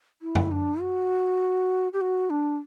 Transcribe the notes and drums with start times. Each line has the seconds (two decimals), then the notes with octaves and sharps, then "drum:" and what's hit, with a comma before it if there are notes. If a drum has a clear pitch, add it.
0.22 E4
0.35 drum: tom F#2
0.51 D4
0.81 F#4
1.93 G4
2.01 F#4
2.30 D4